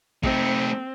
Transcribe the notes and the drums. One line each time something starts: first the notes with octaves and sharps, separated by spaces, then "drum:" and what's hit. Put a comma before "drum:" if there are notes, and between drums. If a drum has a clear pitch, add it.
A3 C4 D#4, drum: kick